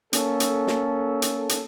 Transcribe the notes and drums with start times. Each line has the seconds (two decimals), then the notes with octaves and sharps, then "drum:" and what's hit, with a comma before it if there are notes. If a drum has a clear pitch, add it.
0.13 A#3 C#4 A4, drum: hi-hat
0.40 drum: hi-hat
0.67 drum: snare
1.22 drum: hi-hat
1.49 drum: hi-hat